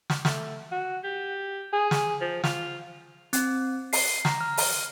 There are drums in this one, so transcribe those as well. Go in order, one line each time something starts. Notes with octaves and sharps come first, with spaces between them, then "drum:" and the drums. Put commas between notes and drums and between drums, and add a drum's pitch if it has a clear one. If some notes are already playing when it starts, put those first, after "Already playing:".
drum: snare
A3, drum: snare
F#4
G4
G#4
drum: snare
F3
F4, drum: snare
C4, drum: hi-hat
C7, drum: open hi-hat
A#5, drum: snare
F6
drum: open hi-hat